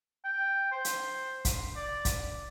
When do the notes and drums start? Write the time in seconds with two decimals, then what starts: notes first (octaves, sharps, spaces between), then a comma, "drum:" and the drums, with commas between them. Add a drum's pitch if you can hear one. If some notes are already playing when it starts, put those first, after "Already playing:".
0.24 G5
0.72 C5
0.85 drum: hi-hat
1.45 drum: kick, hi-hat
1.76 D5
2.05 drum: kick, hi-hat